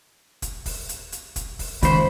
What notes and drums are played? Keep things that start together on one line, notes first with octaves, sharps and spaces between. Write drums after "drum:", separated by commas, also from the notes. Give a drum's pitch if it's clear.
drum: kick, hi-hat
drum: kick, open hi-hat
drum: hi-hat
drum: hi-hat
drum: kick, hi-hat
drum: kick, open hi-hat
C#2 D#3 C5 B5, drum: hi-hat